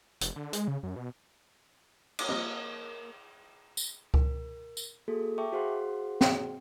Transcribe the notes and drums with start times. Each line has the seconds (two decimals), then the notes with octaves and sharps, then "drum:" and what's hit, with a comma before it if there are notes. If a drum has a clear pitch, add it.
0.21 F1, drum: hi-hat
0.36 D3
0.53 G#3, drum: hi-hat
0.68 C#3
0.83 F#2
0.96 B2
2.19 drum: cymbal
2.29 F3 G3 A#3 C4 D#5
3.77 drum: tambourine
4.14 A#4, drum: kick C#2
4.77 drum: tambourine
5.08 A#3 F#4 G#4 A4
5.38 E5 G5 A5 C#6 D6
5.52 F#4 G#4 C5 F5 F#5 C6
6.21 drum: snare